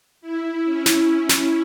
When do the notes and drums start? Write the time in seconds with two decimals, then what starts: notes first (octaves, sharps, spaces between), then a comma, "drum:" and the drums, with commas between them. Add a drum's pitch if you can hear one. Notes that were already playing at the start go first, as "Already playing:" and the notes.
0.21 E4
0.64 C#4
0.86 drum: snare
1.07 E4
1.29 drum: snare